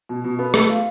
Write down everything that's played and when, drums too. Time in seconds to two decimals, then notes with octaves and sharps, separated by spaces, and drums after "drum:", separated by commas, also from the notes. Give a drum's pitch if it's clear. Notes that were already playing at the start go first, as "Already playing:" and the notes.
0.09 B2
0.24 B2
0.39 B3
0.54 A3, drum: rim click
0.69 F4